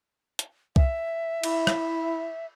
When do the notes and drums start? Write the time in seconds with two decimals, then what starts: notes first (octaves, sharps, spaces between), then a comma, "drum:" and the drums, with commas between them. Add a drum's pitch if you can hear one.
0.39 drum: hi-hat
0.76 E5, drum: kick
1.43 E4, drum: cymbal
1.67 drum: rim click